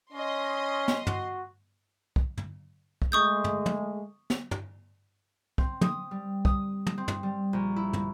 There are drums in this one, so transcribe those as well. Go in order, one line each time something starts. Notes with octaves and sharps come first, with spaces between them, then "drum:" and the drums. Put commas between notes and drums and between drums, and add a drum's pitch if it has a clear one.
C#4 D#5 C6
drum: snare
F#4, drum: tom
drum: kick
drum: tom
drum: kick
G#3 A3 C#6 D#6 G6
drum: tom
drum: tom
drum: snare
drum: tom
C4, drum: kick
D#6, drum: tom
G3
D#6, drum: kick
drum: tom
C4
drum: tom
G3
A#1
E4
drum: tom